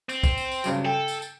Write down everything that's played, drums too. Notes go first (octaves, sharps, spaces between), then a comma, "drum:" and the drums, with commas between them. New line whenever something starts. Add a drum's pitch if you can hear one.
C4, drum: tambourine
drum: kick, tambourine
drum: tambourine
drum: tambourine
G2 C#3 F#3, drum: tambourine
A4 G5
drum: tambourine
drum: tambourine